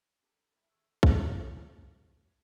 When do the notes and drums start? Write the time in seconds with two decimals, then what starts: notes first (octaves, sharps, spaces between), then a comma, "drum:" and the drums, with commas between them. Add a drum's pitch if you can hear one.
0.20 B3 D4 G4 A4 A#4
0.56 G3 A3 A#3 E4 A#4 C5
0.71 E2 A2 D#3 G#4 A4
1.03 E4 F4 A4 E5, drum: kick
2.25 C#4 G4 G#4 B4 C#5